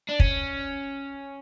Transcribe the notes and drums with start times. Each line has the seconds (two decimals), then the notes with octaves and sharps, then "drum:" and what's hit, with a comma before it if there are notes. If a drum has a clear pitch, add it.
0.09 D4
0.20 C#4, drum: kick